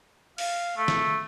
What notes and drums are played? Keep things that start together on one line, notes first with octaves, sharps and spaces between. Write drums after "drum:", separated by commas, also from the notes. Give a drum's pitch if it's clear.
F5, drum: open hi-hat
A3
drum: snare